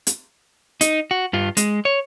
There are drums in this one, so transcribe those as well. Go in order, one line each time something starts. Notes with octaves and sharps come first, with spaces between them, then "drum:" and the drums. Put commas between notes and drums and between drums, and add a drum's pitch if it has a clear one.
drum: hi-hat
D#4, drum: hi-hat
F#4
G2 F4
G#3, drum: hi-hat
C#5